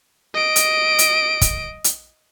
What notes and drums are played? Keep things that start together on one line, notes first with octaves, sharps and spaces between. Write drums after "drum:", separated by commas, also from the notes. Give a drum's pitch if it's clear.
D#5 D7
drum: hi-hat
drum: hi-hat
drum: kick, hi-hat
drum: hi-hat